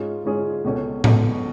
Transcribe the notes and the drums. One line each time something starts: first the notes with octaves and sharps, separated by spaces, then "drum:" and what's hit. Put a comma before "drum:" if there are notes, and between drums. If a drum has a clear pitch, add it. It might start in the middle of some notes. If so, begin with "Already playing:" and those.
Already playing: G#2 G#3 C#4 F4 G#4
G#2 G#3 C#4 F4 G#4
C#2 B2 A3 C#4
C#2 B2 A3 C#4, drum: tom A2